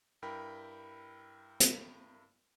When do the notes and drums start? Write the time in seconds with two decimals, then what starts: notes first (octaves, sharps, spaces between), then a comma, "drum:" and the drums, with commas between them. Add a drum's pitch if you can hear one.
0.22 G2 E4 A#4 G5 B5
1.60 drum: hi-hat